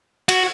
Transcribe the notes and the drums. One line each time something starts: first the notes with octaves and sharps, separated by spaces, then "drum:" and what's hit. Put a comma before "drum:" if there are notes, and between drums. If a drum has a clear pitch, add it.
F#4, drum: cymbal